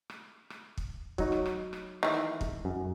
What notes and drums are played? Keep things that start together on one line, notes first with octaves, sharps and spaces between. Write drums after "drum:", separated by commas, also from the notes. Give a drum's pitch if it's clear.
drum: rim click
drum: rim click
drum: kick
F#3 D#4 C#5, drum: kick
drum: rim click
drum: rim click
drum: rim click
D#3 E3
drum: rim click
drum: kick
F#2